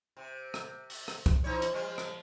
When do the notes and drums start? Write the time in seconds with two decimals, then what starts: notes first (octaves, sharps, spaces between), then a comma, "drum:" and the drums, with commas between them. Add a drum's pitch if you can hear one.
0.17 C3
0.54 drum: rim click
0.90 drum: open hi-hat
1.08 drum: rim click
1.26 drum: kick C2, hi-hat
1.44 E3 D#4 C#5
1.62 drum: hi-hat
1.73 F3 G3
1.98 drum: rim click